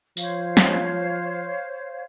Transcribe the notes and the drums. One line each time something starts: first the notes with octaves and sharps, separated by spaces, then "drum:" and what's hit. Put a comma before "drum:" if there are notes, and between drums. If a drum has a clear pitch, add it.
F3 C5 C#5 F5, drum: tambourine
drum: snare